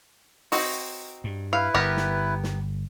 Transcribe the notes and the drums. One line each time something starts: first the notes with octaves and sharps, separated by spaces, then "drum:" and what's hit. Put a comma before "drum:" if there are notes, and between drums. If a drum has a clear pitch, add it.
C4 D#4 F#4, drum: open hi-hat
G2
E4 B4 F5
G1 B3 G4 A#4
drum: snare
drum: snare